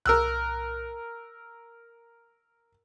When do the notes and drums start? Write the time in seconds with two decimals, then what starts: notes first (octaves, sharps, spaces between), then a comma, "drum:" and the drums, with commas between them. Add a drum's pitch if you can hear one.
0.06 A#4 E6 F#6, drum: tom C2